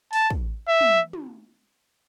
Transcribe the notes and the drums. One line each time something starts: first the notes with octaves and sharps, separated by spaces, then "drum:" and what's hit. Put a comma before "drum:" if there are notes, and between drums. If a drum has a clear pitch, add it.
A5, drum: open hi-hat
drum: kick
E5
drum: tom
drum: tom